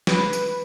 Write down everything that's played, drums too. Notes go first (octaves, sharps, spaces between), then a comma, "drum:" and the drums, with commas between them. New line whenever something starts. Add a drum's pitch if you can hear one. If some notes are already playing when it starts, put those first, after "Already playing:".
B4, drum: snare
drum: tambourine